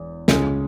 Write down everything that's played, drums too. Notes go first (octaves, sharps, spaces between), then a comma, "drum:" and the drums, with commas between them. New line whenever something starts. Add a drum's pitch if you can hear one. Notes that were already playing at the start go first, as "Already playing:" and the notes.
Already playing: E1 E2
C#2 C#3 G#3 C#4, drum: snare